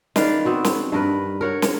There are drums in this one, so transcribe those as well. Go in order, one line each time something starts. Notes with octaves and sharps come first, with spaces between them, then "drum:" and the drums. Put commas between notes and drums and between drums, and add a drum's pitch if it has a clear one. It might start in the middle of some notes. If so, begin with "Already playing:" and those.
D#3 B4 D5 F5, drum: snare
B3 C4 F#4
drum: snare
G2 A#4 B4
A#4 C#5 F#5
drum: snare